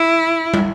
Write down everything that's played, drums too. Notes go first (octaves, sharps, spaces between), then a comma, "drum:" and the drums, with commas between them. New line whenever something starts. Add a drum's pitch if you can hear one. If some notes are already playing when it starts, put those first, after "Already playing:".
Already playing: E4
drum: tom